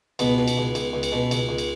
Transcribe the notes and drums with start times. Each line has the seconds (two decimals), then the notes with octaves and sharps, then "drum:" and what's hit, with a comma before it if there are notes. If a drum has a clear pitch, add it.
0.19 C#2 B2 B3, drum: cymbal
0.38 B2
0.48 drum: cymbal
0.57 C#2
0.75 C#2, drum: cymbal
0.93 C#2
1.03 drum: cymbal
1.12 B2
1.31 C#2, drum: cymbal
1.49 C#2
1.58 drum: cymbal